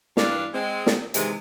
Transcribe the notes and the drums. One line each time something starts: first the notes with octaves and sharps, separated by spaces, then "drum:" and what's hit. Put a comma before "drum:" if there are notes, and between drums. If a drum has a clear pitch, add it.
G2 E3 G3 D4 D5 F5, drum: snare
G#3 C4
drum: snare
C3 D#3 E3 G#3, drum: hi-hat